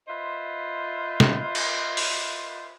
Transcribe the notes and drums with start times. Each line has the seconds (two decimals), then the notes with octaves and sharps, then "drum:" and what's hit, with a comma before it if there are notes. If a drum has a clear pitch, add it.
0.08 F4 B4 C5 D#5 E5
1.20 drum: snare
1.55 drum: cymbal
1.97 drum: open hi-hat